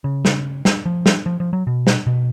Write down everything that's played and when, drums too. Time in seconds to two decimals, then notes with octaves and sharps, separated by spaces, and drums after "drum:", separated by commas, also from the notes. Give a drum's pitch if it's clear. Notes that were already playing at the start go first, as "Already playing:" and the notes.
0.04 C#3
0.25 drum: snare
0.65 drum: snare
0.85 F3
1.06 drum: snare
1.26 F3
1.40 F3
1.53 F#3
1.67 B2
1.87 drum: snare
2.06 B2